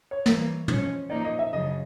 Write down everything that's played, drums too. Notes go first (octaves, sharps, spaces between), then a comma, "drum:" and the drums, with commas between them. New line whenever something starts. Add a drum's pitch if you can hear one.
C#5
E3 G3 A#3, drum: snare
F3 G#3 C#4, drum: tom
A#2 F3 A#3 D#4 D5
D#5
E5
F#2 C#3 F3 D#5